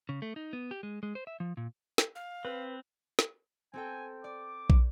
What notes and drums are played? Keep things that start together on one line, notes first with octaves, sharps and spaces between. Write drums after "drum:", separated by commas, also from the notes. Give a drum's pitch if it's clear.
C#3
A3
D#4
B3
G4
G#3
G#3
C5
E5
F3
A#2
drum: snare
F5
C4 B4
drum: snare
C4 A4 G5 G#5
D5 D6
drum: kick